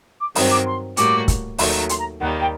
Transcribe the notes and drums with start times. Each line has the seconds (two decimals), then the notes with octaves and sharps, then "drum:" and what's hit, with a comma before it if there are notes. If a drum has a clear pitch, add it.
0.20 D6
0.35 G2 D#3 F#3 C4 D#6, drum: open hi-hat
0.51 D6
0.66 C6
0.97 A2 G3 A#3 F#4 D6, drum: hi-hat
1.28 drum: kick, hi-hat
1.58 D#2 D#3 F#3 A3 C6, drum: open hi-hat
1.69 A#5
1.79 A#5
1.89 C6, drum: hi-hat
1.99 A#5
2.20 D#2 D#3 G3 A#3 F#5
2.41 G5